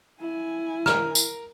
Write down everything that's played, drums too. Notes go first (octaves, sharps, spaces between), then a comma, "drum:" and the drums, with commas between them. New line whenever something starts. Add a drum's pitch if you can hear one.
E4 G#5
A#4 A#5 F6, drum: rim click
drum: tambourine